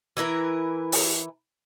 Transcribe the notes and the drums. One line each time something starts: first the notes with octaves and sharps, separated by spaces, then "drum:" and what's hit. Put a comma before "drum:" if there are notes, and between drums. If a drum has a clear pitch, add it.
E3 E4 A#4 B4
drum: open hi-hat